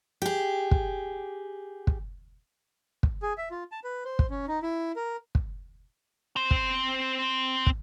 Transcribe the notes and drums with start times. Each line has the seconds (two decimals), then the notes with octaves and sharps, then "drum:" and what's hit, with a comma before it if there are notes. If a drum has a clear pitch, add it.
0.22 G4 G#4
0.71 drum: kick
1.87 drum: kick
3.03 drum: kick
3.22 G#4
3.38 E5
3.51 F4
3.72 A5
3.84 B4
4.05 C5
4.19 drum: kick
4.30 C#4
4.48 D#4
4.63 E4
4.96 A#4
5.35 drum: kick
6.36 C4 C5
6.51 drum: kick
7.66 drum: kick